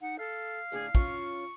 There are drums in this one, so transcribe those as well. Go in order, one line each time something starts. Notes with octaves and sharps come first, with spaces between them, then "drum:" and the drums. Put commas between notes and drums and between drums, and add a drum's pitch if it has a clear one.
D#4 F#5
A4 F5
A2 D3 D4 G#4
C#4 F4 C#6, drum: kick